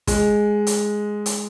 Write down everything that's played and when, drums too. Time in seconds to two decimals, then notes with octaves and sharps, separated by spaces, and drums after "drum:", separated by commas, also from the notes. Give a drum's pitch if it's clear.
0.07 G#3, drum: kick, hi-hat
0.67 drum: hi-hat
1.26 drum: hi-hat